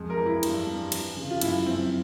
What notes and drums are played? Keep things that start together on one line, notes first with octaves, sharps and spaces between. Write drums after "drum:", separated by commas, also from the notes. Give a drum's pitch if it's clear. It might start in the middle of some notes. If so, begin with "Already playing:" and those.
Already playing: F2 G#3
A#4
E3
E4
G2, drum: cymbal
G2
E3, drum: cymbal
C#3
F4
F#2 E4, drum: cymbal
F#2 C4